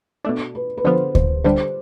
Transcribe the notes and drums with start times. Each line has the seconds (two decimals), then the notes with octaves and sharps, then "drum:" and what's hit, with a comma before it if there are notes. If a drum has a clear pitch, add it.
0.24 B2 A3 D4
0.55 B4
0.77 B4
0.84 D3 F3 B3 F4 C5
1.15 C5, drum: kick D2
1.44 D3 G3 D4 C5